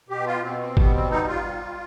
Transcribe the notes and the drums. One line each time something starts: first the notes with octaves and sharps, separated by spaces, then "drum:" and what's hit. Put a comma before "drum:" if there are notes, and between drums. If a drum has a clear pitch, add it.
B2 G4
F4
B2 C4
C4
G3 B3, drum: kick G1
C4
G3 D#4
F4
G3